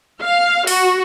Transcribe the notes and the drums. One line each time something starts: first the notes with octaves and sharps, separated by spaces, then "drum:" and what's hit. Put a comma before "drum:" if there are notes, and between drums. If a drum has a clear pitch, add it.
F5
F#4, drum: open hi-hat